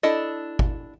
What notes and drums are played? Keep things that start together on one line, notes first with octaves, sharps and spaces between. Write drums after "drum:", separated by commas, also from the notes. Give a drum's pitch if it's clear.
D4 E4 A4 D#5
drum: kick